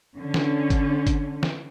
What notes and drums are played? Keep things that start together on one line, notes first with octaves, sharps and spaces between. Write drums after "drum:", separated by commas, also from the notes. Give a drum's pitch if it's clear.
D3 C#4
drum: snare
drum: kick G1, hi-hat
drum: kick G1, hi-hat
drum: snare